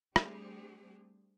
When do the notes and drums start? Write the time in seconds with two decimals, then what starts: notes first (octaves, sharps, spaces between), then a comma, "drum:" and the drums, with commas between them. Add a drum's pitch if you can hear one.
0.16 G3 A3 C4 D4 G4 G#4, drum: rim click